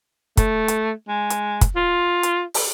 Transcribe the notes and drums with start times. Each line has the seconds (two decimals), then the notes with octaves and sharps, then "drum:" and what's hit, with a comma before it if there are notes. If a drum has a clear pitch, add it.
0.37 A3, drum: kick, hi-hat
0.68 drum: hi-hat
1.08 G#3
1.30 drum: hi-hat
1.61 drum: kick, hi-hat
1.76 F4
2.23 drum: hi-hat
2.54 drum: open hi-hat